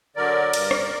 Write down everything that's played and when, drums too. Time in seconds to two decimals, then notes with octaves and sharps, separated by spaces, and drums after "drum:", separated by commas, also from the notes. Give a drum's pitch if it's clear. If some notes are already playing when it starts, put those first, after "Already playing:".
0.16 D3 F#3 A#4 D5
0.53 G2, drum: cymbal
0.71 drum: rim click